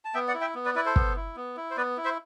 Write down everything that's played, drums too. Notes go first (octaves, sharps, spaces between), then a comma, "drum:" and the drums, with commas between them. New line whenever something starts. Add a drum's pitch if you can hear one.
A5
B3 E5 G5
D5 F#5
E4
E5 G5
B3
B4 D5
E4 B4 D5
A4 C5
B3, drum: kick
E4
B3
E4
C5
B3 B4 D5
E4
C5 E5